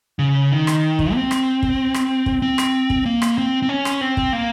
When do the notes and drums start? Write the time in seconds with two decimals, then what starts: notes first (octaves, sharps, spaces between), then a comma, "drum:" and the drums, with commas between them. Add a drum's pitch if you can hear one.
0.19 C#3
0.52 D#3
0.67 drum: rim click
0.99 drum: kick
1.14 C4
1.31 drum: rim click
1.63 drum: kick
1.94 drum: rim click
2.26 drum: kick
2.42 C4
2.58 drum: rim click
2.90 drum: kick
3.06 A#3
3.22 drum: rim click
3.38 C4
3.62 C4
3.69 C#4
3.85 drum: rim click
4.01 C4
4.17 drum: kick
4.33 A#3